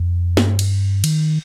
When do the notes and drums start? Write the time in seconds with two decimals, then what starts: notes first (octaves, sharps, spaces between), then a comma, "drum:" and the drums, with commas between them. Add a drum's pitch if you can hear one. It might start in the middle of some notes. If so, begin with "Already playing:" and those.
Already playing: F2
0.37 G2, drum: snare
0.59 drum: cymbal
1.04 D#3, drum: cymbal